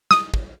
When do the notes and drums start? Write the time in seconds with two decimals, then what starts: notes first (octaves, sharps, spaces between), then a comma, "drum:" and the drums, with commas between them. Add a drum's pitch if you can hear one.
0.11 D#6, drum: snare
0.34 drum: kick